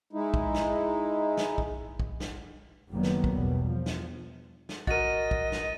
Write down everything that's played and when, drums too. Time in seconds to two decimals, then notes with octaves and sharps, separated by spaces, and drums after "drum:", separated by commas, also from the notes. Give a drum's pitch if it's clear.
0.13 G#3 D#4 E4
0.34 drum: kick
0.54 drum: snare
1.37 drum: snare
1.58 drum: kick
2.00 drum: kick
2.20 drum: snare
2.92 F#1 D#3 F#3 G3 A#3 B3
3.03 drum: snare
3.24 drum: kick
3.33 E2 B2 G3
3.68 F3
3.86 drum: snare
4.69 drum: snare
4.87 F#4 A#4 D#5 A6 D#7, drum: kick
5.31 drum: kick
5.52 drum: snare